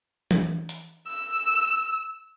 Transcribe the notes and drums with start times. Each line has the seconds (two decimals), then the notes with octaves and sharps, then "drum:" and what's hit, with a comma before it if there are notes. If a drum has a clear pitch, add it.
0.31 drum: tom E3
0.69 drum: hi-hat
1.08 E6